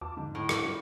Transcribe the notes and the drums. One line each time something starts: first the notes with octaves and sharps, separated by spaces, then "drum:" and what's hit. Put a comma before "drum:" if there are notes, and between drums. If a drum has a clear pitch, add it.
E2 F4 A5 D6
G#2 D3 F3
A2
E4 F4 F#5, drum: rim click
G2